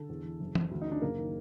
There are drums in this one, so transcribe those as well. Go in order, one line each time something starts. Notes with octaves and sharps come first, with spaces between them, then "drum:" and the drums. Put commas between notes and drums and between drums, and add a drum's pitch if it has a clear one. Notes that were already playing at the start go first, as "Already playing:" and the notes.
Already playing: D3 A4
E2
E3
F#1
C#3, drum: tom E3
D2
D#4
D#3 D4
F#1 A#3
D#3